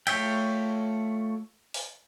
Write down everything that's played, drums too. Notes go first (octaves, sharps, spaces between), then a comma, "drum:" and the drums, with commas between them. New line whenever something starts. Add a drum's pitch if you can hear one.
A3 F4 C#5 E5 G5, drum: cymbal
drum: open hi-hat